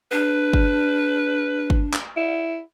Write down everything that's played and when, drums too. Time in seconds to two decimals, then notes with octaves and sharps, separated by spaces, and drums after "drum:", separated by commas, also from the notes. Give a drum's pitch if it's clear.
0.12 D4 B4
0.53 drum: kick G1
1.70 drum: kick G1
1.93 drum: clap
2.17 E4